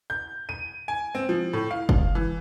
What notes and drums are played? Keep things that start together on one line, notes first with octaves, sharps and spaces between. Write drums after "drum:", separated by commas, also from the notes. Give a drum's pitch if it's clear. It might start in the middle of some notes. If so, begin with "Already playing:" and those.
G6
D#7
G#5
C4
F3
A2
F5
drum: kick
E3